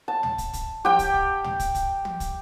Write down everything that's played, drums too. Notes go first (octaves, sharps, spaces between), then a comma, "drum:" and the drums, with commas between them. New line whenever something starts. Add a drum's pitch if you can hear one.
A5
drum: tom
drum: kick, hi-hat
drum: kick, hi-hat
G4 G5, drum: tom
drum: kick, hi-hat
drum: kick
drum: tom
drum: kick, hi-hat
drum: kick, hi-hat
drum: tom
drum: kick, hi-hat